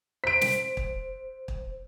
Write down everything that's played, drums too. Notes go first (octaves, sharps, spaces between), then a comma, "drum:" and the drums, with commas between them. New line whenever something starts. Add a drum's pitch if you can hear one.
C5 B6 D7
drum: snare
drum: kick
drum: kick